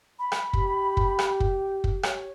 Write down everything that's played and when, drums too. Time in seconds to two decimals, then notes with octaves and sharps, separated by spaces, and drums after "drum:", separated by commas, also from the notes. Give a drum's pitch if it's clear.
0.19 B5
0.32 drum: rim click
0.53 G4, drum: kick
0.97 drum: kick
1.19 drum: rim click
1.40 drum: kick
1.84 drum: kick
2.03 C#5, drum: rim click